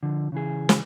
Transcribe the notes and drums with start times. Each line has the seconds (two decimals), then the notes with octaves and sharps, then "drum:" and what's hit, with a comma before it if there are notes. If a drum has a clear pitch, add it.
0.03 D3 F3
0.32 C#3 E3 G#4
0.69 drum: snare